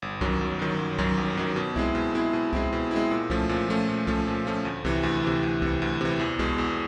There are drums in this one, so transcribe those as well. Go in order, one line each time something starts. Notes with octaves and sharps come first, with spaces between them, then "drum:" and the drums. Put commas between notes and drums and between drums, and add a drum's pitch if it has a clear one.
G1
F#2 D#3 F#3, drum: kick C2
G1
F#2 D#3 F#3
G1
F#2 D#3 F#3, drum: kick C2
G1
F#2 D#3 F#3
B2
G#3 C4 E4, drum: kick C2
B2
G#3 C4 E4
B2
G#3 C4 E4, drum: kick C2
B2
G#3 C4 E4
A#2
F3 A3 C#4, drum: kick C2
A#2
F3 A3 C#4
A#2
F3 A3 C#4, drum: kick C2
A#2
F3 A3 C#4
D2
C3 E3, drum: kick C2
D2
C3 E3
D2
C3 E3, drum: kick C2
D2
C3 E3
E2
B2 G#3, drum: kick C2
E2